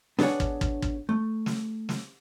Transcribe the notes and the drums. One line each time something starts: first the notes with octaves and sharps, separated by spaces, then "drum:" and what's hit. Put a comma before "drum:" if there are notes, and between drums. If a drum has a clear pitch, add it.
B3 D4 G#4 C#5 F#5, drum: snare
drum: kick
drum: kick
drum: kick
A3
drum: snare
drum: snare